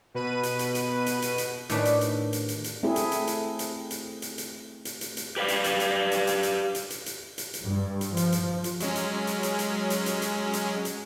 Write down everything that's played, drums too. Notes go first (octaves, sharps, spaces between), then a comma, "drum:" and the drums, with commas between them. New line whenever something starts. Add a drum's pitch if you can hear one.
B2 B4 D#7
drum: hi-hat
drum: hi-hat
drum: hi-hat
drum: hi-hat
drum: hi-hat
drum: hi-hat
A2 D#3 C#4 D4 B4 B5, drum: hi-hat
drum: hi-hat
drum: hi-hat
drum: hi-hat
drum: hi-hat
drum: hi-hat
A3 C4 E4 G#4
drum: hi-hat
drum: hi-hat
drum: hi-hat
drum: hi-hat
drum: hi-hat
drum: hi-hat
drum: hi-hat
drum: hi-hat
drum: hi-hat
drum: hi-hat
G4 B4 D5 F5
drum: hi-hat
drum: hi-hat
drum: hi-hat
drum: hi-hat
drum: hi-hat
drum: hi-hat
drum: hi-hat
drum: hi-hat
drum: hi-hat
drum: hi-hat
drum: hi-hat
G2
drum: hi-hat
F3, drum: hi-hat
drum: hi-hat
drum: hi-hat
F#3 G#3 C#4, drum: hi-hat
drum: hi-hat
drum: hi-hat
drum: hi-hat
drum: hi-hat
drum: hi-hat
drum: hi-hat
drum: hi-hat
drum: hi-hat
drum: hi-hat